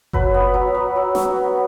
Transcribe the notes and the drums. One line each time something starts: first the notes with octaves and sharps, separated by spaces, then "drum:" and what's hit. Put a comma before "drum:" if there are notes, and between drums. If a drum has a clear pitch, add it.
F#3 B4, drum: kick F#1
B3
F#3
F#3
F#3
F#3, drum: snare
B3